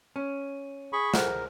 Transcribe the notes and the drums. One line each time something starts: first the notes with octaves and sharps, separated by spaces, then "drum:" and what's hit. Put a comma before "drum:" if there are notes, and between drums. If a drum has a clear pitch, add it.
C#4
G#4 B5 C#6
G#4 A#4 C5 F#5, drum: snare